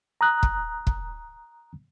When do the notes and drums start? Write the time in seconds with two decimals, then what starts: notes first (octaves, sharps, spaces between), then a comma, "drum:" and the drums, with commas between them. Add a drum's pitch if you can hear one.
0.21 A#5 D#6 F#6
0.43 drum: kick
0.87 drum: kick